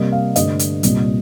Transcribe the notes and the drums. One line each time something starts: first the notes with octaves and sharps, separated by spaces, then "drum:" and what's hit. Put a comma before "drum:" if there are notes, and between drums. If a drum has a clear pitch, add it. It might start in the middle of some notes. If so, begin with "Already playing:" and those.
Already playing: C3 G3 A#3 D#5
F5
G2 D3 A3 D#5, drum: hi-hat
drum: hi-hat
C2 A#2 G3 C4, drum: hi-hat